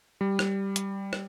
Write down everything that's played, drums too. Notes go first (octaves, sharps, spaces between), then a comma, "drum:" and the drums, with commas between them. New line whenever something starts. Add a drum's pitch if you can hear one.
G3
drum: rim click
drum: hi-hat
drum: rim click